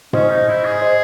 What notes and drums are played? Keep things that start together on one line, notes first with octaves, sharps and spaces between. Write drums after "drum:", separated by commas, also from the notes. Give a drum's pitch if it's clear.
C#4 C5 D#5, drum: tom G#2
D#4
E4
G#4
C5 D#5